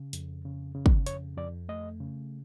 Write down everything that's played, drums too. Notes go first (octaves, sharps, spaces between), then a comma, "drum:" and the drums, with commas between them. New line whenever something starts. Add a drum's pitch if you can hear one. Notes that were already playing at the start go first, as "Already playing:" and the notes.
Already playing: C#3
F2, drum: hi-hat
C#3
C#3
drum: kick
F2 C#5, drum: hi-hat
F2 D5
A3 D#5
C#3